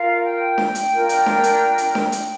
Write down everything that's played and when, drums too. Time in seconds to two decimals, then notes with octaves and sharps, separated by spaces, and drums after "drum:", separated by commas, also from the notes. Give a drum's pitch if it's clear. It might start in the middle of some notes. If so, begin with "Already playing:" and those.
Already playing: F4 A#4 F5
0.23 G5
0.58 drum: snare D4
0.75 drum: hi-hat
0.92 D4 F4 A#4
1.09 drum: hi-hat
1.26 drum: snare D4
1.44 drum: hi-hat
1.78 drum: hi-hat
1.95 drum: snare D4
2.12 drum: hi-hat